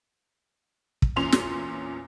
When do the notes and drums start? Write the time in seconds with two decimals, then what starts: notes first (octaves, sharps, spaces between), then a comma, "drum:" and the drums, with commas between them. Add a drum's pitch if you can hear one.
1.02 drum: kick
1.16 E2 A#2 C#4 C6 F7
1.32 drum: snare